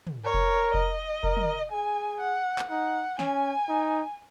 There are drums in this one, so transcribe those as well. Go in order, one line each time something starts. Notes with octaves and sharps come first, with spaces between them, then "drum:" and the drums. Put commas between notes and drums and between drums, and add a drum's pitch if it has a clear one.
drum: tom
A#4 C#5
drum: kick F1
D#5, drum: kick F1
A#4, drum: kick F1
drum: tom
G#4 G#5
F#5
drum: clap
D#4 F#5
C#4 G#5, drum: snare
D#4